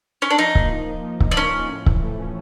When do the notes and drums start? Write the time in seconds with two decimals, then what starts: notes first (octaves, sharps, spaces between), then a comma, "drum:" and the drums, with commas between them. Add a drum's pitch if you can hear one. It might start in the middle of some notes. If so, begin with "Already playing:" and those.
0.22 C#4
0.30 D4
0.38 F3 D#4
0.55 A#3, drum: kick C#1
0.72 D#4
0.88 F3
1.04 F3
1.20 A#3, drum: kick C#1
1.31 D4
1.37 C#4 D#4
1.53 F3
1.70 A2
1.86 E3, drum: kick C#1
2.03 A3
2.19 C#4